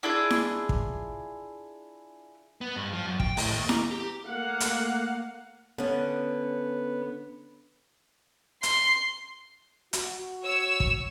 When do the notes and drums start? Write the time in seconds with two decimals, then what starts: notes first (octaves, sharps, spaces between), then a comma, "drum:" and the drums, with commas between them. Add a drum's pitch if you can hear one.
0.03 D4 E4 F4 G#4
0.30 drum: snare E4
0.69 drum: kick
2.61 B3
2.76 G2
2.93 F3
3.06 F#2
3.20 G5, drum: kick
3.37 A2, drum: open hi-hat
3.53 D#2
3.69 A#5, drum: snare E4
3.91 G4
4.28 A3 A#3 F5 F#5
4.60 drum: hi-hat
5.78 D3 B3 C#4
8.63 C6, drum: hi-hat
9.93 F#4, drum: hi-hat
10.44 C#5 E6
10.80 drum: kick